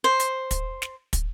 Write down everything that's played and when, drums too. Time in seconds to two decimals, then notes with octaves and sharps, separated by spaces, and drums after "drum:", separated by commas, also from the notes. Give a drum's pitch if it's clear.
0.04 C5
0.20 drum: hi-hat
0.51 drum: kick, hi-hat
0.82 drum: snare
1.13 drum: kick, hi-hat